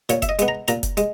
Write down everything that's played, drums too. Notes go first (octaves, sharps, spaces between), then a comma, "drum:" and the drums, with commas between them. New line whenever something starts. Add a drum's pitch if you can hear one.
A#2 C#5, drum: hi-hat
E5, drum: kick F1, hi-hat
D#5
G#3 B3, drum: hi-hat
A#5
A#2 A#5, drum: hi-hat
drum: kick F1, hi-hat
G#3, drum: hi-hat